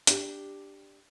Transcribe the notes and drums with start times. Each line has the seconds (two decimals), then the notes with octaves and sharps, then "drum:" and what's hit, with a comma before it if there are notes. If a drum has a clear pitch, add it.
0.07 D4 G4, drum: hi-hat